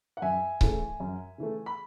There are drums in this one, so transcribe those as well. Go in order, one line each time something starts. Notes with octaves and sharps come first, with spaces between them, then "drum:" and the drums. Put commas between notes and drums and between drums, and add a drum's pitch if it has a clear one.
F#5
F#2 E5 G#5
C#3 E3 A3, drum: kick C#1
F#2
C#3 E3 A3
B5